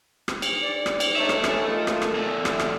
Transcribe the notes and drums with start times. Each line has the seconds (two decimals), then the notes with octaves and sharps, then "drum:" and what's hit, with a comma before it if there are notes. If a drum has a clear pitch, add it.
0.28 drum: rim click
0.42 drum: cymbal
0.63 D5
0.86 drum: rim click
1.00 drum: cymbal
1.16 A3 D4 D#4 C#5 E5
1.29 drum: rim click
1.44 B3 C#4 G#4, drum: rim click
1.66 A#3 F4 D#5
1.87 drum: rim click
2.02 drum: rim click
2.15 E2 A2 E5
2.45 drum: rim click
2.59 drum: rim click